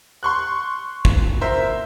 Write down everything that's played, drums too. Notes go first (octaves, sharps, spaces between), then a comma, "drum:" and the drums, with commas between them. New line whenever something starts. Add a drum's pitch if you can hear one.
C6 C#6 F#6
drum: kick
A#4 C5 E5